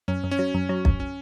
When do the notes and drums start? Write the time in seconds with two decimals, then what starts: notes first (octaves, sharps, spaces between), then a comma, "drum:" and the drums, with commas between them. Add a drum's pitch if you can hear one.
0.08 F#2 C#4
0.24 F#2
0.31 C#4
0.39 F#3
0.54 F#2
0.69 F#3
0.85 F#2, drum: kick
1.00 C#4